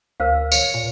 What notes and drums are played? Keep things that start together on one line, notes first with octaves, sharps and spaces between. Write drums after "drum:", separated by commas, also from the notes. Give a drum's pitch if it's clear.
D2 A#4 C5 F5
C#5, drum: tambourine
A#2